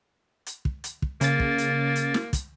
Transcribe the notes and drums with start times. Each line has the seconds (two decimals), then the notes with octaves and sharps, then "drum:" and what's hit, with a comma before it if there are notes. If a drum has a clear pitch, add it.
0.46 drum: hi-hat
0.65 drum: kick
0.84 drum: hi-hat
1.02 drum: kick
1.21 C#3 A#3 A6, drum: hi-hat
1.40 drum: kick
1.58 drum: hi-hat
1.96 drum: hi-hat
2.14 drum: snare
2.33 drum: kick, hi-hat